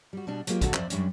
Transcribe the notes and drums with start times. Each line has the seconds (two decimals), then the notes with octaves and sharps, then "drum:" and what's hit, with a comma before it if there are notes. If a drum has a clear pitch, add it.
0.13 G3 F#4
0.27 B2 G3 D4
0.47 F#3 G#3 A#3 F4 G4, drum: hi-hat
0.61 A#2 D3 A#3 D4 F#4 A4, drum: kick, hi-hat
0.74 F2 C4 G#4 D5 E5, drum: clap
0.90 F#2 G3 C#4 D4, drum: hi-hat